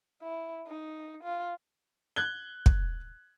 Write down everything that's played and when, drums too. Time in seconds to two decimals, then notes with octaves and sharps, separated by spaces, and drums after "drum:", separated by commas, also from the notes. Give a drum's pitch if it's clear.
0.22 E4
0.68 D#4
1.24 F4
2.16 F#6 G#6 G7
2.66 drum: kick